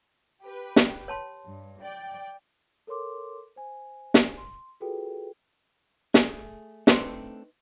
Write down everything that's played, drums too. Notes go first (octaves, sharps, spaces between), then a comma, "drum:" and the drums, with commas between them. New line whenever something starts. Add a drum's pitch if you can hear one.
G4 B4
drum: snare
C#5 A5 C6
G2
D5 G5
A4 A#4 C#5 C6 D6
C5 G#5
drum: snare
C6
F4 F#4 G#4 A4 B4 G5
A3 G#4, drum: snare
A3 C4 D4 D#4 B4 C5, drum: snare